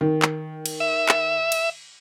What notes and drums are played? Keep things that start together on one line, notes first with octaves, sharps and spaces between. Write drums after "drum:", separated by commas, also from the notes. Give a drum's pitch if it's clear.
D#3
drum: clap
drum: cymbal
E5
drum: clap
drum: cymbal